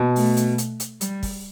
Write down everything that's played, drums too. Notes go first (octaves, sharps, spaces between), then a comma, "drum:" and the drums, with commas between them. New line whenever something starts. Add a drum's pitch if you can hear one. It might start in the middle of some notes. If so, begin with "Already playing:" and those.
Already playing: B2
A3, drum: open hi-hat
drum: hi-hat
drum: hi-hat
drum: hi-hat
G3, drum: hi-hat
drum: kick, open hi-hat